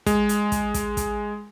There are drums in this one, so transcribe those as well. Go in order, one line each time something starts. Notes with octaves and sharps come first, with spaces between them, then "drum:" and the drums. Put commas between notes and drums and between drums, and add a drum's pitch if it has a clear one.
G#3, drum: kick, hi-hat
drum: hi-hat
drum: kick, hi-hat
drum: kick, hi-hat
drum: kick, hi-hat